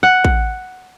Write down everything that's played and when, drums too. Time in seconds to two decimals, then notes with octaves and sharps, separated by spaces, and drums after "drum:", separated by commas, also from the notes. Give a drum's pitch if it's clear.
0.03 F#5
0.25 drum: kick